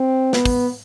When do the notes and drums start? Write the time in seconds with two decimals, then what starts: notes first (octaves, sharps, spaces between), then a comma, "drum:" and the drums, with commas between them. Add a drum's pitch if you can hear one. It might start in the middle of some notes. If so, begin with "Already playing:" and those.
Already playing: C4
0.33 B3, drum: snare
0.45 drum: kick, open hi-hat